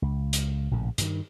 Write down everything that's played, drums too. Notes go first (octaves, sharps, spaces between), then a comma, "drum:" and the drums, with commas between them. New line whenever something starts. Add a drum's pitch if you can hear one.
C#2
drum: hi-hat
A#1 A2 C#3
G2 D#3, drum: hi-hat